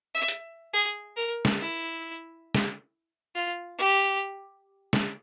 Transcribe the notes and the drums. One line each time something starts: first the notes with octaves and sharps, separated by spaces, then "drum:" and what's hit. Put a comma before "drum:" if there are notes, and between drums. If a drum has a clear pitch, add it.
E5
drum: hi-hat
G#4
A#4
drum: snare
E4
drum: snare
F4
G4
drum: snare